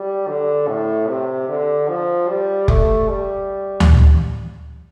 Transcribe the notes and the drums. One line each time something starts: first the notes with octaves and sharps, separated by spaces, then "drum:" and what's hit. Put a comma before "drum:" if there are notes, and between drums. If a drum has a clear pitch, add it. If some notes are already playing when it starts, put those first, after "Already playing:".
Already playing: G3
D3
A2
C3
D3
F3
G3
A3, drum: kick F1
G3
drum: tom D2